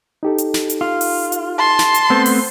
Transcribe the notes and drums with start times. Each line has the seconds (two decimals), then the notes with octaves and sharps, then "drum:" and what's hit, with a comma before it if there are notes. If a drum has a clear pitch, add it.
0.23 D#4 G4 A4
0.38 drum: hi-hat
0.54 drum: snare
0.70 drum: hi-hat
0.81 F4
1.01 drum: open hi-hat
1.32 drum: hi-hat
1.59 A5 C6
1.79 drum: snare
1.94 drum: hi-hat
2.10 A3 B3 C4 C5
2.26 drum: open hi-hat